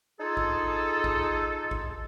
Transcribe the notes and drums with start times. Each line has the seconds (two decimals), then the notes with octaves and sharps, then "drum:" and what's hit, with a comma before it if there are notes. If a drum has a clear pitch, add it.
0.20 D#4 F4 G#4 A4
0.37 drum: kick A1
1.04 drum: kick A1
1.71 drum: kick A1